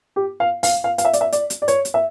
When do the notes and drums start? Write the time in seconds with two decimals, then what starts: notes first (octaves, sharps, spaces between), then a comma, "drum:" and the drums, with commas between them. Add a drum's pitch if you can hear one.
0.16 G4
0.40 F5
0.63 F5, drum: open hi-hat
0.84 F5
0.98 F5, drum: hi-hat
1.05 E5
1.13 D5, drum: hi-hat
1.21 E5
1.32 D5, drum: hi-hat
1.50 drum: hi-hat
1.62 D5
1.68 C#5, drum: hi-hat
1.85 drum: hi-hat
1.94 E5